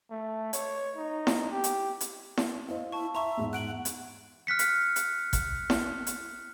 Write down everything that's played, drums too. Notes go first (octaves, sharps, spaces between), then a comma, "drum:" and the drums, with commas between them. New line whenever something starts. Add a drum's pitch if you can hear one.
A3
C#5, drum: hi-hat
D#4
drum: snare E4
G4
drum: hi-hat
drum: hi-hat
drum: snare E4
E4 C5 D#5 F5
E4 A5 C#6
E5 A#5 C6 C#6
E2 G#2
F#5 F#6 D7 F#7
drum: hi-hat
F6 F#6 B6 C#7
drum: hi-hat
drum: hi-hat
drum: kick, hi-hat
drum: snare E4
drum: hi-hat